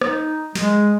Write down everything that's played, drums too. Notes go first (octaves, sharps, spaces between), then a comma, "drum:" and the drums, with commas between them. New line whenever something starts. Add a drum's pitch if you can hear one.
D#4, drum: rim click
G#3, drum: snare